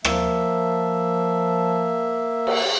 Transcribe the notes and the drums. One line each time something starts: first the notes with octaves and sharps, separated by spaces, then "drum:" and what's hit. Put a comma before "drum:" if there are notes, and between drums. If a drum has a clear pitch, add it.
F3 A#3 E5, drum: rim click
drum: cymbal